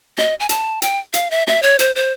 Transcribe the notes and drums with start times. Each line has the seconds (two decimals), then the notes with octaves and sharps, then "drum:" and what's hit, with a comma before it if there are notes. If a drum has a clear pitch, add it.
0.18 D#5, drum: snare
0.40 G#5
0.49 A5, drum: hi-hat
0.82 G5, drum: hi-hat
1.14 F5, drum: hi-hat
1.31 E5
1.47 E5, drum: snare
1.62 C#5
1.79 C5, drum: hi-hat
1.96 C5